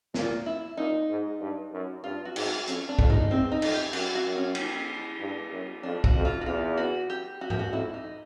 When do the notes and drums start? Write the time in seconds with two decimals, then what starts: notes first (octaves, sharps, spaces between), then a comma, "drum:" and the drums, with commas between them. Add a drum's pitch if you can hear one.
0.14 A#2 F4, drum: snare
0.46 E4
0.77 A#2 D#4
1.09 G#2
1.40 G2
1.72 F#2
2.04 G2 F4
2.25 F#4
2.36 G#2, drum: cymbal
2.46 F#4
2.67 F2 C#4, drum: hi-hat
2.89 D4
2.99 F2, drum: kick
3.10 D#4, drum: tom G2
3.30 E2 C4
3.52 D#4
3.62 F2, drum: cymbal
3.73 G4
3.93 F#2 F#4, drum: cymbal
4.15 F#4
4.26 F#2
4.36 C#4
4.55 drum: cymbal
5.19 G2
5.51 F#2
5.83 F2 D4
6.04 F#4, drum: kick
6.15 F2
6.25 F4
6.41 F#4
6.46 E2 F4
6.77 F#4
7.10 G4
7.41 F#4
7.50 G4, drum: tom G#2
7.59 F#4
7.72 F2 E4
7.94 D#4